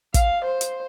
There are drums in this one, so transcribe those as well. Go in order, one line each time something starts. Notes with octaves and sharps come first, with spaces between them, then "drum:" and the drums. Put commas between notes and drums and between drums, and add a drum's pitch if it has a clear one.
F5, drum: kick, hi-hat
C5
drum: hi-hat